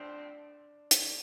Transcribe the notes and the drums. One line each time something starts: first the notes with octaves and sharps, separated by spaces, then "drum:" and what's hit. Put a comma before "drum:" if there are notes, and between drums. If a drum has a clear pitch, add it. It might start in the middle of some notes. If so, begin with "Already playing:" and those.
Already playing: A2 F3 C4 D4
drum: hi-hat